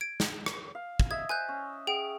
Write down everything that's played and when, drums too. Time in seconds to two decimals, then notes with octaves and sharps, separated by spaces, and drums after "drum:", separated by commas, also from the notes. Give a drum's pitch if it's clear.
0.01 G#6 D7
0.20 drum: snare
0.46 drum: rim click
0.75 F5
1.00 drum: kick
1.11 D#5 E5 G#6
1.29 C5 G#5 F#6 G6
1.49 C#4
1.87 G#4 F#5 G5 D7